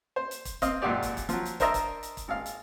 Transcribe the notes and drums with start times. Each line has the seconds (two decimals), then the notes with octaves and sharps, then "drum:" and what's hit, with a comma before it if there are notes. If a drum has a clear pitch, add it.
0.16 C5
0.31 drum: hi-hat
0.45 drum: kick, hi-hat
0.62 C4 D#5 F5, drum: kick, hi-hat
0.82 G#1 F#2 A#2 F#4 G4 D5
1.03 drum: kick, hi-hat
1.17 drum: kick, hi-hat
1.29 F3 F#3, drum: hi-hat
1.45 drum: hi-hat
1.60 D4 A#4 C5 D#5 E5 A#5, drum: kick, hi-hat
1.74 drum: kick, hi-hat
2.03 drum: hi-hat
2.17 drum: kick, hi-hat
2.28 G#1 F5
2.46 drum: hi-hat